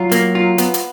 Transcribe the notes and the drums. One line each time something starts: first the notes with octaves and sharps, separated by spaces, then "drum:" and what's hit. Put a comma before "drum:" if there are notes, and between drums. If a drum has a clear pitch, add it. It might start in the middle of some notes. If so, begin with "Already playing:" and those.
Already playing: F#3 F4
A#3, drum: hi-hat
F4
B3, drum: hi-hat
drum: hi-hat